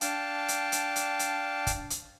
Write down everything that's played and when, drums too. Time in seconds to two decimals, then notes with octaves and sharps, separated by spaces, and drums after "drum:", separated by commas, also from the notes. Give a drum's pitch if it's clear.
0.01 D4 F5 G5 A5, drum: hi-hat
0.48 drum: hi-hat
0.72 drum: hi-hat
0.96 drum: hi-hat
1.19 drum: hi-hat
1.67 drum: kick, hi-hat
1.90 drum: hi-hat